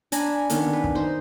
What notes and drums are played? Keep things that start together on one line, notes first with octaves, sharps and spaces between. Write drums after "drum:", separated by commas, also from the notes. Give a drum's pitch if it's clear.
D4 G#5 A#5 B5, drum: hi-hat
D#3 B3 C#4 D4, drum: hi-hat
B4
drum: kick
D#4 C5